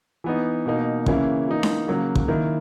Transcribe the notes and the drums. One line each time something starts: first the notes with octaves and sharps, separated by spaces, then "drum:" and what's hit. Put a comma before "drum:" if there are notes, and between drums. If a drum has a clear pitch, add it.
E3 B3 D#4
B2 A#3 D#4
C#3 E3 A#3 C#4 E4, drum: kick
E3 A#3 D#4
drum: snare D4
C#3 F#3 A#3
drum: kick
D#3 A#3 E4